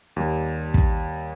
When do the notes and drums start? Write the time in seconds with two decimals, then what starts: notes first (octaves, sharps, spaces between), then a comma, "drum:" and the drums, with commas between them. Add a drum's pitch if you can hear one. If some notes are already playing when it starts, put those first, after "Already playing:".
0.16 D#2 G3
0.74 drum: kick